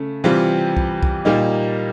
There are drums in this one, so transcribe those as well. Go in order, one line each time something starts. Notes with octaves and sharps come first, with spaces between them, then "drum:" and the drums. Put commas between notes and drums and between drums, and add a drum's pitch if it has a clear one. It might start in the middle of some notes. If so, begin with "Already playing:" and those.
Already playing: C#3 A3
C3 E3 G3 C4 F4
drum: kick C2
drum: kick C2
A#2 G3 A#3 D#4